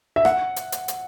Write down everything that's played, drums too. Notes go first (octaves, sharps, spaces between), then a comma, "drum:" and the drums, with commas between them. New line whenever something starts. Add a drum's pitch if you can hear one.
E5
F#5, drum: rim click
drum: hi-hat
drum: hi-hat
drum: hi-hat